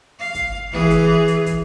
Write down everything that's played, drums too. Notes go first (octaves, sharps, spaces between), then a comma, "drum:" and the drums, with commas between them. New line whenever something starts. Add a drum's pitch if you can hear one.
F5
drum: kick, hi-hat
E3 G#4, drum: tom
drum: hi-hat
drum: hi-hat
drum: kick, hi-hat